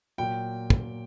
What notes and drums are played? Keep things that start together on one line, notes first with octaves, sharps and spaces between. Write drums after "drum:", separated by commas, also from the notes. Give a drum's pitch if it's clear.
A#2 F#3 G5
drum: kick